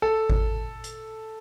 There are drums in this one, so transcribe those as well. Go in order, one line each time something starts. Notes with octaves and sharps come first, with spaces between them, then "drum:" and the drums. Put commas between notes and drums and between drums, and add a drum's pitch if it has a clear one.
A4
drum: kick G#1
drum: hi-hat